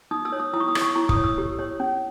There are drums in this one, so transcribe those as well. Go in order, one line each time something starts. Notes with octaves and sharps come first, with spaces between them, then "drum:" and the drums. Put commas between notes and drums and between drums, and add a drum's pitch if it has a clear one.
D#4 D#6
E6
C#5
D#6
E4 D#6
C#6
D#6
C#5, drum: rim click
C#6
E4 C#6
D#6, drum: kick
C#5
E6
G4
C#5
C#4